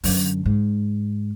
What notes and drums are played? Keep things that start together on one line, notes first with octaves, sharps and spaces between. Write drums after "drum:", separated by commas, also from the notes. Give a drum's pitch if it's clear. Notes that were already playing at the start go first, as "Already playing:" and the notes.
F#2 D3, drum: open hi-hat
G#2